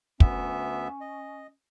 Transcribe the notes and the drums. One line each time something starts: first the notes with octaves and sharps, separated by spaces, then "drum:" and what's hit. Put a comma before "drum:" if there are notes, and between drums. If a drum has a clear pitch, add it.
D2 B3 C#4 E5, drum: kick
D#5